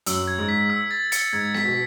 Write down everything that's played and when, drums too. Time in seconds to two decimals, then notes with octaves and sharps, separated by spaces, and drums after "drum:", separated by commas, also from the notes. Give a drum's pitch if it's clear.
0.06 F#2 E6, drum: hi-hat
0.27 G#6
0.38 G#2
0.49 B6
0.70 E6
0.91 A6
1.12 C#7, drum: hi-hat
1.33 G#2 G#6
1.54 B6, drum: snare B3
1.65 B2